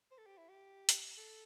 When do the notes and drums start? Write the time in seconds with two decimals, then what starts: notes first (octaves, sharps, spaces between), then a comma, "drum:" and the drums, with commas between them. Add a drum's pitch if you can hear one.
0.11 C5
0.18 A4
0.26 G4
0.38 E4
0.49 G4
0.89 drum: hi-hat
1.18 A4